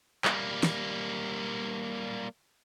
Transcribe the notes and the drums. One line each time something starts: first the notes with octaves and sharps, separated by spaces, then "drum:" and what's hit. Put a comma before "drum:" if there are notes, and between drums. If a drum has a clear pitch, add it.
G3 A#3, drum: clap
drum: snare